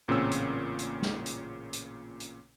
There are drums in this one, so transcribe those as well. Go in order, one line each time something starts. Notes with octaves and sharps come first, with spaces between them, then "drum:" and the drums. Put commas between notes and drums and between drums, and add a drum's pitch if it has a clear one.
A1 A#2 C#3 C4 C#4 E6
drum: hi-hat
drum: hi-hat
drum: snare
drum: hi-hat
drum: hi-hat
drum: hi-hat